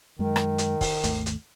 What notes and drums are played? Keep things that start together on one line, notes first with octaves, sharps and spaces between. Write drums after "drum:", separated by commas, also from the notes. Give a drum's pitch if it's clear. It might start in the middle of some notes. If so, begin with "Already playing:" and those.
F#2 D#3 G#3
drum: rim click
drum: hi-hat
drum: kick, open hi-hat
G#1 D#2 A3, drum: hi-hat
drum: hi-hat